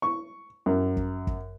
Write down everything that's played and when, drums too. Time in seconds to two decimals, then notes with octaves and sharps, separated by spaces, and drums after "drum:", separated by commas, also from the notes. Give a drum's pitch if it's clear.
0.02 C#6
0.66 F#2
0.97 drum: kick
1.27 drum: kick